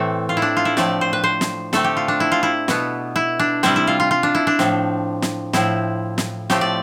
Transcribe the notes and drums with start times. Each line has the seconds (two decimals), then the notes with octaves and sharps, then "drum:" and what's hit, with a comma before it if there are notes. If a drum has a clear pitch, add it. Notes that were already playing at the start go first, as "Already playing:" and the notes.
Already playing: A2 E3 A3 C4 A4
0.29 F4
0.37 E4
0.42 D4
0.57 F4
0.65 E4
0.77 A2 F3 A3 C4 D5, drum: snare
1.01 C5
1.13 B4
1.24 C5
1.41 drum: snare
1.73 D3 A3 C4 A4, drum: snare
1.84 G4
1.97 F4
2.08 D4
2.20 E4
2.32 F4
2.43 E4
2.68 B2 B3, drum: snare
3.16 E4
3.39 D4
3.63 C3 G3 C4 E4, drum: snare
3.76 E4
3.87 F4
4.00 F4
4.11 F4
4.23 D4
4.35 E4
4.47 D4
4.59 A2 F3 C4, drum: snare
5.22 drum: snare
5.53 A2 F3 C4 E4, drum: snare
6.18 drum: snare
6.50 A2 F3 A3 C4 G4, drum: snare
6.61 D5